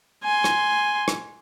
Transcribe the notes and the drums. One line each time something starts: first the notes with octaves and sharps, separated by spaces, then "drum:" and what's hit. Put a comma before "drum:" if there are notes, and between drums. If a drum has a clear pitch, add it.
G#5 C6
drum: rim click
drum: rim click